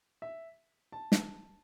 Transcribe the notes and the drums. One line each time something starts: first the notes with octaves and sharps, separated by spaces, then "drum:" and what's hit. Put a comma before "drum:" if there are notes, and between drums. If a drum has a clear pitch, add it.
E5
A5
drum: snare